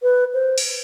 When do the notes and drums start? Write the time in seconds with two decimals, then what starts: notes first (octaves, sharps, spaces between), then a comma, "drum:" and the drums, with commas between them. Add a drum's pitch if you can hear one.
0.02 B4
0.34 C5
0.58 drum: cymbal